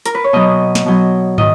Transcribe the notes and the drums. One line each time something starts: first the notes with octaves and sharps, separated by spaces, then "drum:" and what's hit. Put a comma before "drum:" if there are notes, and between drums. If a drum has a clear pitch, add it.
A#4, drum: hi-hat
B4
C#5
B2 F#3 B3 D#5
drum: snare
B2 F#3 B3
D#3 D#5, drum: tom